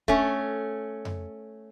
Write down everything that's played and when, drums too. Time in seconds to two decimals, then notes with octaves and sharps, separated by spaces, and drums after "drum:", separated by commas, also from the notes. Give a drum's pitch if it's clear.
0.08 A3 C#4, drum: kick
1.05 drum: tom F2